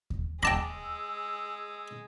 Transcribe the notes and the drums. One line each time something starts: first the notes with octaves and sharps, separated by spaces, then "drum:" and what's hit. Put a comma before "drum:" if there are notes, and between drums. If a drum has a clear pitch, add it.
drum: kick D#2
G#3 G5 A5 B5 D6 E6 A#6, drum: kick D#2